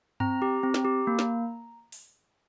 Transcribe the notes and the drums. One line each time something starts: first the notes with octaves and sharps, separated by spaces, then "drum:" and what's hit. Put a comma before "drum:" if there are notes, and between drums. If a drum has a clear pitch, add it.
C4 A#5, drum: tom G2
G4
C4
drum: snare
G4
A#3
drum: snare
drum: open hi-hat